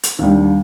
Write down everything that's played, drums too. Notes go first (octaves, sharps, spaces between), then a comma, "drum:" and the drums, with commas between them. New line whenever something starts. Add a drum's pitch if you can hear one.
drum: hi-hat
D#2 D3 G3